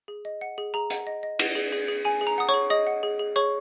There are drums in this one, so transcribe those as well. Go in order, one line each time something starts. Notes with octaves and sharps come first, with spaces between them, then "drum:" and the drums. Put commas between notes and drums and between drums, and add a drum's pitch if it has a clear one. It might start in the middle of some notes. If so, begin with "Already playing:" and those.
G#4
D#5
F#5
G#4
G#4 A#5
F#5, drum: hi-hat
D#5
D#5
F#5, drum: cymbal
G#4
G#4
G#4
G#4 G#5
G#4
A#5
F#5 D#6
C#5 C#6
G#4
G#4 D#5 D#6
F#5
G#4
G#4
G#4 C#5 C#6